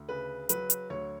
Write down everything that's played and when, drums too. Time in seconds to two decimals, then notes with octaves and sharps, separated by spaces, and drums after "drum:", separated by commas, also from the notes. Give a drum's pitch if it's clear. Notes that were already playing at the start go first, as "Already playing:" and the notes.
Already playing: D2
0.09 C#3 B4
0.49 F#3 B4, drum: hi-hat
0.70 drum: hi-hat
0.90 D2 C#5